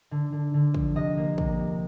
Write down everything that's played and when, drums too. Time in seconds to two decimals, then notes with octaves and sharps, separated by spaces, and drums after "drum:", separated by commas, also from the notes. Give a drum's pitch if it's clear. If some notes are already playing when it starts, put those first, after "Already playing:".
0.11 D3
0.33 D3
0.54 D3
0.74 F3, drum: kick
0.95 C3 D#5
1.18 A#3
1.38 C3, drum: kick
1.59 C3